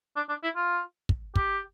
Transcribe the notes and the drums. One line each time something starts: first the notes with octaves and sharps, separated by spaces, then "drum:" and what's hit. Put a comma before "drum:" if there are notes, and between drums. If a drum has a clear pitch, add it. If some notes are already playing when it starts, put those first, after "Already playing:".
D4
D4
E4
F4
drum: kick
G4, drum: kick